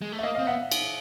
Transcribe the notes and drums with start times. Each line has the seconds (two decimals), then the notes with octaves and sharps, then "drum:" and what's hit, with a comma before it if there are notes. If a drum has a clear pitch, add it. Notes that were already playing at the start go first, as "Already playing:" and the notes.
0.02 G#3
0.12 A3
0.19 E5
0.23 A#3 D#5 F5
0.35 D#5 F5
0.39 C4
0.47 B3 E5 F#5
0.72 drum: cymbal